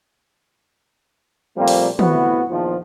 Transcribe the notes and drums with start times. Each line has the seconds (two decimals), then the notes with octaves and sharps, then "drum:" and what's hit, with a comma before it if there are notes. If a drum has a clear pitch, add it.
1.57 A#2 F3 G3 A3 A#3 C4
1.68 drum: open hi-hat
1.99 A2 C3 B3 E4 F#4, drum: tom
2.49 A#1 E2 D#3 F3